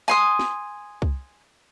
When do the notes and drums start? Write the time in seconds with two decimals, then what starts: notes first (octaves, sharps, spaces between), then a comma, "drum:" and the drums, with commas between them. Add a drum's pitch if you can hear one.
0.08 G#5 C6 D#6
0.39 drum: snare
1.02 drum: kick C2